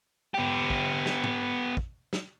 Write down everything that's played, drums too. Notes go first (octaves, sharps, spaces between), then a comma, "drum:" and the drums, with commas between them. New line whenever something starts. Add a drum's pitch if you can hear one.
B3 G4
drum: kick
drum: snare
drum: tom
drum: kick
drum: snare